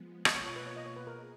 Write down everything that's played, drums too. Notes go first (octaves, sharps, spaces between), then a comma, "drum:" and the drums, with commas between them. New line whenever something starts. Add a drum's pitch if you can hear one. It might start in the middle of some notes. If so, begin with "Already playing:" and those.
Already playing: F3 G#3 B3
B2 A#3 F4 D#5, drum: rim click
C#5
C#5
B4
C#5
D#5
C#5
B4
G#4 A#4 D#5